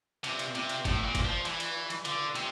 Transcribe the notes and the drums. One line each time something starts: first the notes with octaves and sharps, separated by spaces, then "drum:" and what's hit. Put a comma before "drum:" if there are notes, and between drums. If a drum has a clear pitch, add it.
C3, drum: cymbal
drum: cymbal
C3, drum: cymbal
drum: cymbal
A2, drum: kick, cymbal
A#2
drum: kick, cymbal
F3
E3, drum: cymbal
drum: cymbal
drum: cymbal
D3, drum: cymbal
C3, drum: cymbal